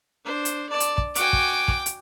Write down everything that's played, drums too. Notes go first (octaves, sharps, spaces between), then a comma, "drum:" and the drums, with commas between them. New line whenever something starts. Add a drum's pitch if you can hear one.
D4 C5
drum: hi-hat
D5 A5
drum: hi-hat
drum: kick
F#4 G5 G#5 D6, drum: hi-hat
drum: kick
drum: kick
drum: hi-hat